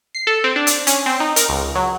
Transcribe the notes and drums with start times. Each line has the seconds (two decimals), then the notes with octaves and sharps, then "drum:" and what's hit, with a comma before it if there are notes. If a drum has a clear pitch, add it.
0.15 C7
0.27 A4
0.44 C4
0.56 D4
0.67 drum: hi-hat
0.87 C#4, drum: hi-hat
1.06 C4
1.20 D#4
1.36 A#4, drum: hi-hat
1.49 C#2
1.75 F#3